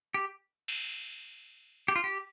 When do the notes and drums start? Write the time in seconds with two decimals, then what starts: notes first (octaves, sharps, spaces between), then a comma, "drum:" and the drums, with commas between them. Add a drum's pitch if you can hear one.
0.14 G4
0.68 drum: cymbal
1.88 G4
1.96 F4
2.04 G4